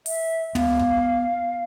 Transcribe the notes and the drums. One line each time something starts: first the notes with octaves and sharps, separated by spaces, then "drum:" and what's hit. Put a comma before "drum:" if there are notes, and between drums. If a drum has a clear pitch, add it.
E5, drum: open hi-hat
B3 F5, drum: tom
drum: kick